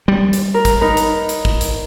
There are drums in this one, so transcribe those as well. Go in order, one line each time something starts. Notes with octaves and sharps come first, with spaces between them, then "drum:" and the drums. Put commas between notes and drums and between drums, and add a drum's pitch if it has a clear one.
G3
drum: hi-hat
A#4
drum: kick, hi-hat
D#4 A#4 B4
drum: hi-hat
drum: hi-hat
drum: kick
drum: hi-hat